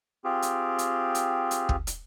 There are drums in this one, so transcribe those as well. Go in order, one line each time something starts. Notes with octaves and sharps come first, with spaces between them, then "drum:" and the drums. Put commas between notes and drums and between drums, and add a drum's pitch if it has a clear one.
C4 F4 G4 G#4
drum: hi-hat
drum: hi-hat
drum: hi-hat
drum: hi-hat
drum: kick
drum: hi-hat